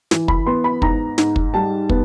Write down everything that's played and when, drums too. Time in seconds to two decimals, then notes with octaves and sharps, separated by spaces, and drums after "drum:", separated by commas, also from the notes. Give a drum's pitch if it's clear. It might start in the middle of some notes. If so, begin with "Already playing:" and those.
0.11 E3, drum: snare
0.28 B5, drum: kick
0.47 B3 C6
0.64 B5
0.82 G#2 A#5, drum: kick
1.18 G#2, drum: snare
1.36 drum: kick
1.54 G3 A5
1.89 B3, drum: kick